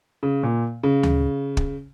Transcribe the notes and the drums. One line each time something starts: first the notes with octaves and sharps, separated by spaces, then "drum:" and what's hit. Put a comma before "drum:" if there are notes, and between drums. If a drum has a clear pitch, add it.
C#3
A#2
C#3
drum: tom D2
drum: kick